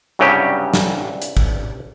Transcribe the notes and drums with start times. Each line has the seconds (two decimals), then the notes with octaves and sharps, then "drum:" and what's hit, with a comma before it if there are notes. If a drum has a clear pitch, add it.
0.19 C2 G2 C#3 F#3 C#4 G4
0.74 drum: snare
1.22 drum: hi-hat
1.37 drum: kick